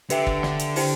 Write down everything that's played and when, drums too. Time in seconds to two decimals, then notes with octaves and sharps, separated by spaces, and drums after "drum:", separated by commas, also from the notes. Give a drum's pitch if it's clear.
0.10 D3 G4 B4 E5 G5, drum: hi-hat
0.27 drum: kick
0.43 drum: snare
0.59 drum: hi-hat
0.76 E4 G4 C5 G5, drum: open hi-hat